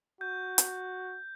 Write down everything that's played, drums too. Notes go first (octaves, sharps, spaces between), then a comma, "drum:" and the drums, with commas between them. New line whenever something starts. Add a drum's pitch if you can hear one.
F#4 G6
drum: hi-hat